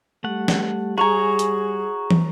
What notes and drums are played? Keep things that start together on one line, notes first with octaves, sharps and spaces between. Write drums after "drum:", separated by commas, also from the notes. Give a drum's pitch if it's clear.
G3 A3 F#5
drum: snare
F#4 G#4 C#5 G#5 A#5 C#6
drum: hi-hat
drum: tom